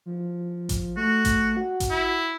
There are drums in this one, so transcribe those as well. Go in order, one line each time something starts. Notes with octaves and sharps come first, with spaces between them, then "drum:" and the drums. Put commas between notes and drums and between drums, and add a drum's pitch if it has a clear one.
F3
drum: kick A1, hi-hat
A3 F#4
drum: kick A1, hi-hat
F#4
drum: kick A1, hi-hat
E4